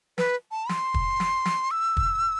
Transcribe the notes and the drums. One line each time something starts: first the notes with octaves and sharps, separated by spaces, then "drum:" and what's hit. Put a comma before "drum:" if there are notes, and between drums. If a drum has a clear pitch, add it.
B4, drum: snare
A5
C6, drum: snare
drum: kick
drum: snare
drum: snare
E6
drum: kick